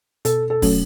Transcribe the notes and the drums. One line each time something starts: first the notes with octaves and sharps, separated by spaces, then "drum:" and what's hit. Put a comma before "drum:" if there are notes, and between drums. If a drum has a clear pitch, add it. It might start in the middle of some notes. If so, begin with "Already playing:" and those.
B2 A4, drum: hi-hat
A4
F#3 A3 C#4, drum: kick, open hi-hat